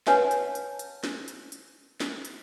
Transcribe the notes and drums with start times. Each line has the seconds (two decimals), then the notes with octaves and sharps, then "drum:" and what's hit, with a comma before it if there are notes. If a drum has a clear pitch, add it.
0.07 B4 C#5 F#5 G#5 A5, drum: snare
0.31 drum: hi-hat
0.55 drum: hi-hat
0.79 drum: hi-hat
1.04 drum: snare
1.28 drum: hi-hat
1.52 drum: hi-hat
2.00 drum: snare
2.25 drum: hi-hat